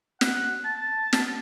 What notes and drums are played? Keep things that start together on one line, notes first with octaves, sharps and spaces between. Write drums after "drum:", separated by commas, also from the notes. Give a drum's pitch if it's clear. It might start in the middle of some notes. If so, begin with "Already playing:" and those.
F#5, drum: snare
A5
drum: snare